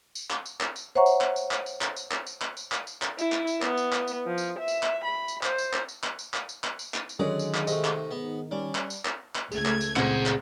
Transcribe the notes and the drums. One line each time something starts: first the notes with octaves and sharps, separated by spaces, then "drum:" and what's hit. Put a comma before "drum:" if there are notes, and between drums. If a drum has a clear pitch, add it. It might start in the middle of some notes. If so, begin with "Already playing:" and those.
drum: tambourine
drum: clap
drum: tambourine
drum: clap
drum: tambourine
C5 C#5 E5 F#5 A#5 C#6
drum: tambourine
drum: clap
drum: tambourine
drum: clap
drum: tambourine
drum: clap
drum: tambourine
drum: clap
drum: tambourine
drum: clap
drum: tambourine
drum: clap
drum: tambourine
drum: clap
E4, drum: tambourine
drum: clap
drum: tambourine
B3, drum: clap
drum: tambourine
drum: clap
drum: tambourine
F3
drum: tambourine
E5
drum: tambourine
drum: clap
B5
drum: tambourine
C5, drum: clap
drum: tambourine
drum: clap
drum: tambourine
drum: clap
drum: tambourine
drum: clap
drum: tambourine
drum: clap
drum: tambourine
drum: clap
drum: tambourine
D3 D#3 F#3 G#3 C#4 G#4 D5
drum: tambourine
drum: clap
C3 A3 D#5, drum: tambourine
drum: clap
G#2 B3
G3 C#4 D4
drum: clap
drum: tambourine
drum: clap
drum: clap
C#2 A3 G#4 G#6, drum: tambourine
drum: clap
drum: tambourine
A#2 C#3 C4 G#4 F#5, drum: clap
drum: clap